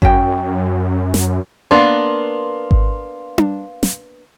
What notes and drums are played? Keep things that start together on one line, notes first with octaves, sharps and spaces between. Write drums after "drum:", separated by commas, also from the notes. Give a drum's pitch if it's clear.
F#2 C#4 F#4 G5, drum: kick G#1
drum: snare
A#3 B3 D4 F5 C6
drum: kick G#1
drum: tom D4
drum: snare